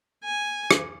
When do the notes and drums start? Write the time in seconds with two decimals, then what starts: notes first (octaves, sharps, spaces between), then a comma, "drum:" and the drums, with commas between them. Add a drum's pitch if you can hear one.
0.24 G#5
0.71 drum: rim click